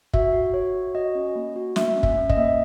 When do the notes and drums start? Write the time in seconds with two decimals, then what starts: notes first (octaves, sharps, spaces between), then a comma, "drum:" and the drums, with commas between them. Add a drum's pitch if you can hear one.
0.14 F#4 E5, drum: kick
0.33 F#4
0.54 F#4 C#5
0.75 F#4
0.95 F#4 D#5
1.15 C#4
1.36 A#3
1.56 F#4
1.76 A#3 E5, drum: snare
1.96 C#4
2.03 E5, drum: kick
2.17 C#4
2.30 D#5, drum: kick
2.37 A#3 E5
2.44 D#5